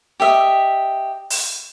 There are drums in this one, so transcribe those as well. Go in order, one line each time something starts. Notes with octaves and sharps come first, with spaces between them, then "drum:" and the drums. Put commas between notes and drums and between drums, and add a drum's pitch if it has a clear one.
G4 D#5 E5
drum: open hi-hat